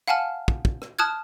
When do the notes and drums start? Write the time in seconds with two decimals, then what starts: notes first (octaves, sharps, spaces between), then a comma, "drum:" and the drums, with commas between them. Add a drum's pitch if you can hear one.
0.08 F5 F#5 G#5 A5 F6
0.48 drum: kick
0.65 drum: kick
0.82 drum: rim click
0.99 A5 D#6 F6 F#6 G#6